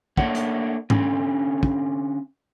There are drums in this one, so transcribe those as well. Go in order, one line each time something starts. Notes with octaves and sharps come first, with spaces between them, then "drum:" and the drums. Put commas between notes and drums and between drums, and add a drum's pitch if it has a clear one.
A3 A#3 D4 C#5 F#5, drum: kick
drum: hi-hat
D3 C4 C#4, drum: tom G#2
drum: kick